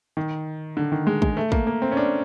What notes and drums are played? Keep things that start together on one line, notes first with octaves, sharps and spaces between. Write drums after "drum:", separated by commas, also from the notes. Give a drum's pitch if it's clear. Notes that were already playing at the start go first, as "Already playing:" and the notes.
D#3
D3
D#3
G#3
G#3, drum: kick
A3
A#3, drum: kick
A#3
C4
C#4
D4